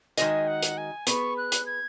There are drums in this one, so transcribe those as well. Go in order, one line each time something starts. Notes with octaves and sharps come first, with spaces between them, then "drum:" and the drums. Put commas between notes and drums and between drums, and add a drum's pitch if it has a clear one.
D#3 G#3 D#4 F#4 D#5 G#5, drum: hi-hat
F#5
drum: hi-hat
G#5
B3 G#4 B4 C#6, drum: hi-hat
F#6
drum: hi-hat
G#6